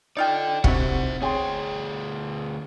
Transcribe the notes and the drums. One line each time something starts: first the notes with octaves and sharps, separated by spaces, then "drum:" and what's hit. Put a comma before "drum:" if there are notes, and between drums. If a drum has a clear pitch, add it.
D#4 F4 A4 D5 G5
C3 F#3 E4 F#4 C5 F#5, drum: kick
D2 G#4 C#5 G5 C6